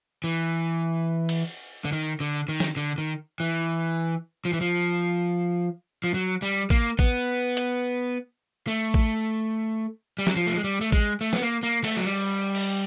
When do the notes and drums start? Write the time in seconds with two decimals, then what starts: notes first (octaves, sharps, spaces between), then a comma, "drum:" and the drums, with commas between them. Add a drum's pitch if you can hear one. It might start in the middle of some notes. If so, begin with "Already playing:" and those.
0.24 E3
1.29 drum: cymbal
1.85 D3
1.92 D#3
2.20 D3
2.48 D#3
2.60 drum: snare
2.77 D3
2.98 D#3
3.40 E3
4.45 F3
4.53 E3
4.61 F3
6.04 F3
6.14 F#3
6.42 G3
6.70 A#3, drum: kick
6.99 B3, drum: kick
7.57 drum: hi-hat
8.67 A3
8.94 drum: kick
10.19 G3
10.27 F#3, drum: snare
10.36 F3
10.47 A3
10.56 G#3
10.64 G3
10.81 A3
10.92 G#3, drum: kick
11.21 A3
11.33 B3, drum: snare
11.42 A#3
11.63 A#3, drum: tambourine
11.84 A3, drum: cymbal
11.97 F#3
12.04 G3
12.55 drum: cymbal